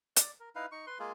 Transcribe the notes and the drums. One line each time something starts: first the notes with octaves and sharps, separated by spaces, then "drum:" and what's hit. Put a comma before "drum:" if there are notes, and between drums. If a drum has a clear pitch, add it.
D5, drum: hi-hat
A#4
D#4 E4 B4 F5
D#4 C#6
B4 C6
G#3 A#3 F4 G#4